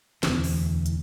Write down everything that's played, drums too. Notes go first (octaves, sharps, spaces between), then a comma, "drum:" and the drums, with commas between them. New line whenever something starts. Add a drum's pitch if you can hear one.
E1 D2 E3, drum: snare
drum: open hi-hat
drum: hi-hat